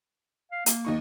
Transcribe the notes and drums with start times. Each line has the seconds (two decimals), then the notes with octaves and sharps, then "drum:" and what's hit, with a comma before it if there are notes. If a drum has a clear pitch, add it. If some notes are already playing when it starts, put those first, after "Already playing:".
0.52 F5
0.66 A#3, drum: hi-hat
0.85 D#2 D#4 C#6